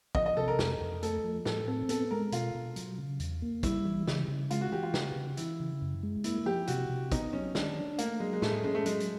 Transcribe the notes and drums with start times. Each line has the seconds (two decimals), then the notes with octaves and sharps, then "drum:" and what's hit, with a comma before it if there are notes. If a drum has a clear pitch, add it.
0.15 F3 D#5, drum: kick
0.26 D#5
0.37 C3 A4
0.48 A#4
0.59 F2, drum: snare
0.80 F2
1.03 A3 A4, drum: hi-hat
1.24 F3
1.45 A2 A4, drum: snare
1.68 C4 A4
1.89 B3 A4, drum: hi-hat
2.11 G#3 A#4
2.32 B2 F4, drum: hi-hat
2.55 B2
2.76 F#3, drum: hi-hat
2.98 C#3
3.20 E2, drum: hi-hat
3.42 A#3
3.63 G3 E4, drum: kick, hi-hat
3.86 E3
4.07 C#3, drum: snare
4.28 C#3
4.50 G#3 F4, drum: hi-hat
4.61 F#4
4.72 E3 G4
4.83 F4
4.94 C#3, drum: snare
5.16 C#3
5.37 E3 E4, drum: hi-hat
5.60 C#3
5.82 F#2
6.03 G#3
6.24 A#3 E4, drum: hi-hat
6.46 F3 G4
6.67 C3 F#4, drum: hi-hat
6.90 C3
7.12 B3 D#4, drum: kick, hi-hat
7.33 F#3 C#4
7.55 D#3 D4, drum: snare
7.77 D4
7.98 A3 A#3, drum: hi-hat
8.20 F#3 G#3
8.33 G#3
8.42 A2 A3, drum: snare
8.53 G#3
8.64 G#3 C#4
8.75 A3
8.86 F#3 G#3, drum: hi-hat
9.00 drum: hi-hat